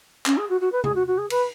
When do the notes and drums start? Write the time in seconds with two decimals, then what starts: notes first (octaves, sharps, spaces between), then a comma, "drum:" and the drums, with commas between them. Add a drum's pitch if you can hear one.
0.26 C#4, drum: clap
0.37 G#4
0.49 F#4
0.61 F#4
0.72 B4
0.84 G#4, drum: tom C3
0.95 F#4
1.07 F#4
1.18 G#4
1.30 B4, drum: cymbal